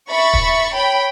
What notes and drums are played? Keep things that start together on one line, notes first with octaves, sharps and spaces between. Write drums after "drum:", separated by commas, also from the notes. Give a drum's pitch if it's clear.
E5 B5 C#6 A6
drum: kick
C#5 G5 B5